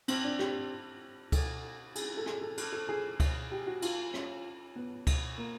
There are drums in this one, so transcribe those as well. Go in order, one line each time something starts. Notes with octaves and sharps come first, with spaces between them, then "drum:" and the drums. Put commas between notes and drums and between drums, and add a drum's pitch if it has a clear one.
C4, drum: cymbal
D4
G4, drum: rim click
A4, drum: kick C#2, cymbal
G#4, drum: cymbal
A4
G#4, drum: rim click
A4
A4, drum: cymbal
A4
G#4
drum: kick C#2, cymbal
G4
F#4
F4, drum: cymbal
C#4, drum: rim click
B3
drum: kick C#2, cymbal
A#3